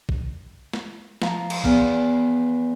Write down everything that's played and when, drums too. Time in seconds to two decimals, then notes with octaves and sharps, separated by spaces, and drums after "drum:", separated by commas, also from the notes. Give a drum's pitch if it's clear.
0.09 drum: kick
0.73 drum: snare
1.22 F3 A#5, drum: snare
1.50 drum: cymbal
1.64 E2 B3 F6, drum: kick